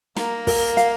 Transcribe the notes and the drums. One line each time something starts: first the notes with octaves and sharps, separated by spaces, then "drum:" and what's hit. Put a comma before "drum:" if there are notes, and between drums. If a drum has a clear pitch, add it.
A#3 A#5, drum: snare
A#4, drum: kick, open hi-hat
F5, drum: hi-hat